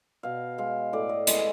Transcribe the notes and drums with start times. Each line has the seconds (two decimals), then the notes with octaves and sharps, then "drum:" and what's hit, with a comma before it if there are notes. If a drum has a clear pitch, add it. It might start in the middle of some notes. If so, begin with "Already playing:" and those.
0.23 B2 F5
0.58 G#3 F5
0.93 A2 D5
1.09 D#5
1.27 E3 G#3 D#5, drum: hi-hat